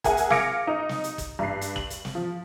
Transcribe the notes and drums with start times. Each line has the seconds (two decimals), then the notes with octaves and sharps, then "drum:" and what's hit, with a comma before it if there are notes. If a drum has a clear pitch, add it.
0.04 G#4 A#4 E5 F#5 G#5, drum: kick, hi-hat
0.17 drum: hi-hat
0.30 F5 D6 G#6 A#6 C#7 D7, drum: snare
0.67 D#4
0.89 drum: snare
1.04 drum: hi-hat
1.18 drum: kick, hi-hat
1.39 G2 C7
1.61 drum: hi-hat
1.76 F#7, drum: kick
1.90 drum: hi-hat
2.05 drum: snare
2.15 F3